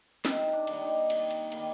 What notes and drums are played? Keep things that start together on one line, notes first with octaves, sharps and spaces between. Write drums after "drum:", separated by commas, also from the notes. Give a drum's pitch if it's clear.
C3 D#4, drum: snare
D4
D#3 G3 A#3, drum: cymbal
D#4
C3, drum: cymbal
drum: cymbal
D#3 G3 A#3, drum: cymbal